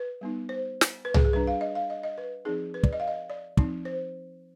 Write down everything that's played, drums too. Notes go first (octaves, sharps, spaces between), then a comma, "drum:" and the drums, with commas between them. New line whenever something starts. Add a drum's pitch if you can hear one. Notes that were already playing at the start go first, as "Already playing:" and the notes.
Already playing: B4
G3 B3 D#4
C5
drum: snare
B4
G#4, drum: tom C2
G#4
G3 D4 B4
F5
D#5
F5
D#5
D#5
B4
F3 C4 D#4 G#4
B4
D5, drum: kick
D#5
F5
D#5
D5
F3 C4 D#4, drum: kick
C5